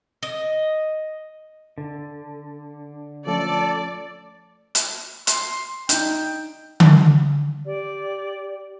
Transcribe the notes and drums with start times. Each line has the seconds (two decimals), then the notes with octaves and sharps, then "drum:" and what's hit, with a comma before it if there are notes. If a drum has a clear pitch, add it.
0.23 D#5
1.78 D3
3.27 F3 A3 C#4 A4 D5
4.75 drum: hi-hat
5.27 C6, drum: hi-hat
5.89 D4 D#4 G5, drum: hi-hat
6.80 drum: tom D3
7.65 G4 D5